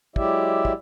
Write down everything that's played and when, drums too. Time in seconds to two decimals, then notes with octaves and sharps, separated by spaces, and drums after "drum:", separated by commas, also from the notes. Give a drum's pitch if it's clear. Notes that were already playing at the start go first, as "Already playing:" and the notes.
0.16 F#3 G#3 E4 G4 D5 E5, drum: kick
0.65 drum: kick